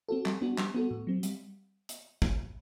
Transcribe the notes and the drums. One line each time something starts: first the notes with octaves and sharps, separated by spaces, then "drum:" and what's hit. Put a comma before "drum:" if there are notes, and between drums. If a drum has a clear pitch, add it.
C4 F#4 A4
G3, drum: clap
B3 D4 F#4
G3, drum: clap
B3 F#4 A4
A2
F#3 C4
G3, drum: hi-hat
drum: hi-hat
drum: kick